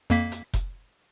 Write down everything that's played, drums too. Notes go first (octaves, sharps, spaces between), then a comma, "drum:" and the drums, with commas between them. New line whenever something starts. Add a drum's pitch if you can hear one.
F2 A#3 B6, drum: hi-hat
drum: hi-hat
drum: kick F1, hi-hat